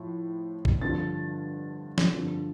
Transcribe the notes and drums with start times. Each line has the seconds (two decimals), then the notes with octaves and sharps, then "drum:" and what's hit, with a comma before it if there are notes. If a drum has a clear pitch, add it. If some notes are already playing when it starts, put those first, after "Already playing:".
Already playing: A2 F3
0.65 drum: kick
0.81 G2 D3 F3 A6
1.98 drum: snare
2.14 G2 D3 F3